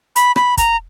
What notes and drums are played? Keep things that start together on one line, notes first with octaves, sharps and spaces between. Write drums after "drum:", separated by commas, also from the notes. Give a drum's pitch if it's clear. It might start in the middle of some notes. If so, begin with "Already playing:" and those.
B5, drum: hi-hat
B5, drum: rim click
A#5, drum: kick, hi-hat